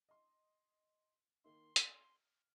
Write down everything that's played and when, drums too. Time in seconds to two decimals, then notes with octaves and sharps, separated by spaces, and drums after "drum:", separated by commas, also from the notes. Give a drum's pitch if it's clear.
0.09 D#5 C6
1.44 D#3 A#3 D#4 C6
1.76 F6, drum: hi-hat